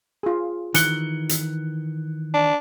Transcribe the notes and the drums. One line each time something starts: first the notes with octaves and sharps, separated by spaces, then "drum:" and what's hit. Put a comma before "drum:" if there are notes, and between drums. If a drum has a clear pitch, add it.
F4 G#4
D#3 E3 F#6 C#7 G7, drum: hi-hat
drum: hi-hat
D4